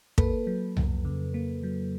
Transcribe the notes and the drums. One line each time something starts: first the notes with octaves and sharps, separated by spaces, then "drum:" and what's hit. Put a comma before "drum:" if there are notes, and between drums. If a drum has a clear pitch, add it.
A#3 A4 B4, drum: kick
F#3
F2, drum: tom C2
C#3
A#3
F#3